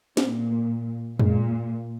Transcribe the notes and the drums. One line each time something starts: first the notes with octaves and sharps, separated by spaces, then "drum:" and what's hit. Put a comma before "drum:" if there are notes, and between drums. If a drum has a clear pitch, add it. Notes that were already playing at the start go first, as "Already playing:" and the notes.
A#2 C4, drum: snare
A#3
A#2 G#3, drum: tom F2